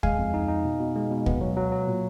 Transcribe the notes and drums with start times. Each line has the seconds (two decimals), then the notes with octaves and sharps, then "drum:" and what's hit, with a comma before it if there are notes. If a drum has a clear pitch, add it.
0.03 G#3 F5 G#5, drum: kick
0.18 F2
0.34 D#4
0.48 D#4
0.64 B2
0.80 B2
0.96 G#3
1.11 B2
1.26 B3, drum: kick
1.41 F#3
1.57 F#3
1.72 F#3
1.87 A#2